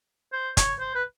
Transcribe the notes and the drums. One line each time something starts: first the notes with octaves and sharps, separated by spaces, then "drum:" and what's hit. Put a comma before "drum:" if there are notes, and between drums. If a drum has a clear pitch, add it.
C5
C#5, drum: kick, hi-hat
C5
B4